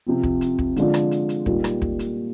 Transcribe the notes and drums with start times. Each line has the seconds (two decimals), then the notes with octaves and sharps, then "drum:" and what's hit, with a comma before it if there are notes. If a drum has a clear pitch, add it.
0.06 C3 F3 C4
0.23 drum: kick
0.41 drum: hi-hat
0.59 drum: kick
0.76 D3 F3 G#3 D4 F4, drum: hi-hat
0.94 drum: rim click
1.11 drum: hi-hat
1.29 drum: hi-hat
1.46 A#2 G3 A#3 D#4 G4, drum: kick
1.64 drum: rim click
1.82 drum: kick
1.99 drum: hi-hat